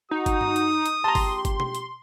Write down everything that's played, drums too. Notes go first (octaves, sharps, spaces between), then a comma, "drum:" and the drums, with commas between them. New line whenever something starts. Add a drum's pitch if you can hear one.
D#4 F#4 D#6
drum: kick G1, hi-hat
drum: tom G2
drum: hi-hat
drum: hi-hat
A#1 G4 A5 A#5 C6
drum: kick G1, open hi-hat
drum: kick G1, hi-hat
drum: tom B2
drum: hi-hat